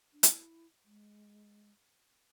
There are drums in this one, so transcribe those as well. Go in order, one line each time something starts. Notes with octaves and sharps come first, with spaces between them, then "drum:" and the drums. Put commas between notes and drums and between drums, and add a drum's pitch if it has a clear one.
D4
E4, drum: hi-hat
G#3